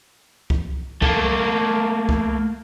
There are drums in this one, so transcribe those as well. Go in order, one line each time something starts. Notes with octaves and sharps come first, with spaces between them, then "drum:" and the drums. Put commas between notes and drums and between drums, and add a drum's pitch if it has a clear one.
drum: kick C2
A3 A#3, drum: kick C2
drum: kick C2